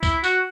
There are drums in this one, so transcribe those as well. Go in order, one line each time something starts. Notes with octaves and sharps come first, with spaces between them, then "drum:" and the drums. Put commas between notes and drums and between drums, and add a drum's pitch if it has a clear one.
E4, drum: kick C2, tambourine
F#4, drum: tambourine